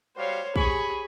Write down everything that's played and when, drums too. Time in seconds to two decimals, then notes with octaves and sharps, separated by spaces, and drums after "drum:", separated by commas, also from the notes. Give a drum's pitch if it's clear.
0.16 G3 F#4 C5 C#5 F5
0.56 G4 G#4 G#5 B5 C#6, drum: kick